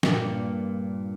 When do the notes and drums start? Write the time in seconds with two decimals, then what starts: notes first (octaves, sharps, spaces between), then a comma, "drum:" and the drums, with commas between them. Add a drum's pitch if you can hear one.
0.03 G2 A#2 D4, drum: snare